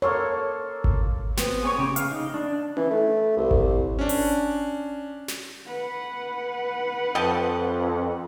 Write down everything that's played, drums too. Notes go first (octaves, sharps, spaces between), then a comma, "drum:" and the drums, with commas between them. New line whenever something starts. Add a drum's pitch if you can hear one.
A#3 A4 C#5 C6
drum: kick G#1
B3 C4, drum: snare
G#4 C#5 C#6
C#3 G4
F5, drum: hi-hat
D#4
D4
E3, drum: tom C#4
A3
C2
drum: kick G#1
C#4 D4
drum: open hi-hat
drum: snare
B4 F#5
F2 D#5 G5 A5